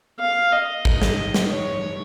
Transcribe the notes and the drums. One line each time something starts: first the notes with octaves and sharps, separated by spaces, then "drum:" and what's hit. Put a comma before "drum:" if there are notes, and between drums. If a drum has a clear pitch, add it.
F5
D#5
drum: kick A1
drum: snare
drum: snare
C#5